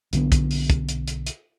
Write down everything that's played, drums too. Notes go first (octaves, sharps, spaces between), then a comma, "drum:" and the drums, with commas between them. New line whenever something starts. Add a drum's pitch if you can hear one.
B1 D3 B3, drum: hi-hat
drum: kick, hi-hat
drum: open hi-hat
drum: kick, hi-hat
drum: hi-hat
drum: hi-hat
drum: hi-hat